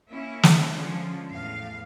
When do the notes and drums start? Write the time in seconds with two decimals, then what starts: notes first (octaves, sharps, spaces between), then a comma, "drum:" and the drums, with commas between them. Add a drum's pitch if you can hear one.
0.12 A#3 C#4 E4
0.43 drum: snare
0.70 D3 F3 G#3 C#4
1.30 E2 A2 F5